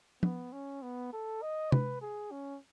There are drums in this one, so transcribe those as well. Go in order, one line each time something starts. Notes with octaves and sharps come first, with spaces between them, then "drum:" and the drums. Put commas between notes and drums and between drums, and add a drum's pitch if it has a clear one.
B3, drum: tom F3
C#4
B3
A4
D#5
B4, drum: tom C3
G#4
C#4